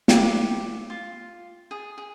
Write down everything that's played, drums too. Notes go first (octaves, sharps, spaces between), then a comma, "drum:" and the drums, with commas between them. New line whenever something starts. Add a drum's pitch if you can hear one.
G4, drum: snare
F4
G#4
G#4